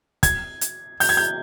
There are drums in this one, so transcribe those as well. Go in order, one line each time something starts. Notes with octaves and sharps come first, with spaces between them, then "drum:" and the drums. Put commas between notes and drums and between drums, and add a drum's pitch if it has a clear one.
G#6, drum: kick, hi-hat
drum: hi-hat
G6, drum: open hi-hat
G#6
G6